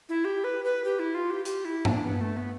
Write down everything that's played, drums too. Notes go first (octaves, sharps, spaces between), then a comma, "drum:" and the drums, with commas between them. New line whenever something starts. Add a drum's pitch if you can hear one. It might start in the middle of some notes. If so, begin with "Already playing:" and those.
E4
G4
B4
B4
G4
E4
F4
G4
G4, drum: hi-hat
E4
D4, drum: tom G2
B3
A3
B3